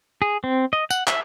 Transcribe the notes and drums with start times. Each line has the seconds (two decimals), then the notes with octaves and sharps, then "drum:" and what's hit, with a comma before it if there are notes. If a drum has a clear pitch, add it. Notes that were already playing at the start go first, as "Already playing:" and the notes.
0.22 G#4
0.44 C4
0.73 D#5
0.91 F#5, drum: tambourine
1.07 E5, drum: clap